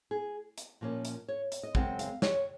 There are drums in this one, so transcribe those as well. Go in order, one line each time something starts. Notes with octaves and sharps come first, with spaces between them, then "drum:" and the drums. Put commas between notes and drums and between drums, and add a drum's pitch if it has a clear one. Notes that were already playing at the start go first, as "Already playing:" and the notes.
G#4
drum: hi-hat
A#2 F3 A#3 C#4
drum: hi-hat
C#5
drum: hi-hat
D#5
F#2 C#3 G#3 C4 F#5, drum: kick
F5, drum: hi-hat
C#5, drum: snare